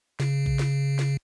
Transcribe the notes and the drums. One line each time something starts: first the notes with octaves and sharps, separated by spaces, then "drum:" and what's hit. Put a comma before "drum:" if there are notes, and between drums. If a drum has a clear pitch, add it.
C#3, drum: snare
drum: kick A#1
drum: snare
drum: snare